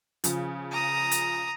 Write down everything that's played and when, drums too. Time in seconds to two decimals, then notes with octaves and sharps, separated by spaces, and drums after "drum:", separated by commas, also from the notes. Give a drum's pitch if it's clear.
0.24 C#3 F3, drum: hi-hat
0.72 A#5 D#6
1.11 drum: hi-hat